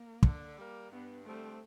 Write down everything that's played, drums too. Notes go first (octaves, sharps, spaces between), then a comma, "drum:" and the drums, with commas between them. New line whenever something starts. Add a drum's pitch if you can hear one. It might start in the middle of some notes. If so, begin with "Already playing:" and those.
Already playing: A#3
D3, drum: kick
G3 A#3
G2 B3
D3 G3 A3 C4